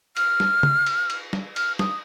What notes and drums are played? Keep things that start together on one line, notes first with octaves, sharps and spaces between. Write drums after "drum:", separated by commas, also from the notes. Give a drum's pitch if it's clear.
F6, drum: cymbal
drum: snare
drum: tom
drum: cymbal
drum: cymbal
drum: snare
F6, drum: cymbal
D#6, drum: snare